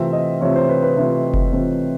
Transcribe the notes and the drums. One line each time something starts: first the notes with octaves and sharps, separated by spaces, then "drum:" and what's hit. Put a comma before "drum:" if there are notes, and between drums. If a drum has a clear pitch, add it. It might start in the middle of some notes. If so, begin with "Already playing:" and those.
Already playing: C3 E3 A3 C4 F4 E5
D#5
C3 E3 A3 C4 F4 C#5
C5
B4
B4
C3 E3 A3 C4 F4
drum: kick F#1
C3 E3 A3 C4 F4